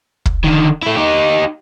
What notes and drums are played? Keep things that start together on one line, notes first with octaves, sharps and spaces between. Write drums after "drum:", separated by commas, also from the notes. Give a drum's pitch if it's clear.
drum: kick
D3 D#3
A3 E4
D#4 G4